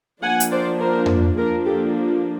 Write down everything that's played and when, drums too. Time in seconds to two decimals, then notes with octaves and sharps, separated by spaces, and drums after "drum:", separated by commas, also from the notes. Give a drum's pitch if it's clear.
0.22 F3 A#3 D4 F#5 G#5
0.40 drum: hi-hat
0.51 C5 D5
0.80 A#4 C5
1.06 drum: tom F2
1.36 F3 A#3 D4 G#4 A#4
1.65 G4 A4